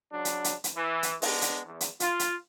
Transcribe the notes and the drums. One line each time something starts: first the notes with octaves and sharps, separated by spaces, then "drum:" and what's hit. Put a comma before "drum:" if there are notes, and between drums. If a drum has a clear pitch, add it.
C#2 F#3 D4
drum: hi-hat
drum: hi-hat
drum: hi-hat
E3
drum: hi-hat
G#3 B3 D4, drum: open hi-hat
drum: hi-hat
E2
drum: hi-hat
F4, drum: hi-hat
drum: hi-hat